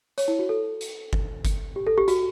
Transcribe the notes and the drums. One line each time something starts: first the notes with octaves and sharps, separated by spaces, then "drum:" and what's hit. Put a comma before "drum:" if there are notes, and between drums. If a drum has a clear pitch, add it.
C#5, drum: hi-hat
E4
F#4
A4
drum: hi-hat
drum: kick G1
drum: kick G1, hi-hat
G4
A4
G4
F#4, drum: hi-hat